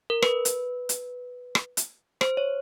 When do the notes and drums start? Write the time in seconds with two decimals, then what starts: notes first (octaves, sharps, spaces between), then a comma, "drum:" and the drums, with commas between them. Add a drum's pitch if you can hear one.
0.10 A#4
0.22 B4, drum: rim click
0.45 drum: hi-hat
0.89 drum: hi-hat
1.55 drum: rim click
1.77 drum: hi-hat
2.21 C5, drum: rim click
2.37 C#5